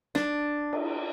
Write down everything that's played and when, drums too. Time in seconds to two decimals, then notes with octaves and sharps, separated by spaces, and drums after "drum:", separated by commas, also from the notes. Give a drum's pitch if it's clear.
0.15 D4, drum: snare
0.73 drum: cymbal